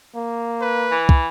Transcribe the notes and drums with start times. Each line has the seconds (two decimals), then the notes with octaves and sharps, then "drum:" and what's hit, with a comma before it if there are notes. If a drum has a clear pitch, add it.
0.15 A#3
0.61 B4
0.91 E3
1.09 drum: kick